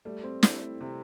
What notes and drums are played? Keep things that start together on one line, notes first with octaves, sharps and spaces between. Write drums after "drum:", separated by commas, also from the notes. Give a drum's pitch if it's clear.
G3 A3
C4
E4, drum: snare
A3
C3 C4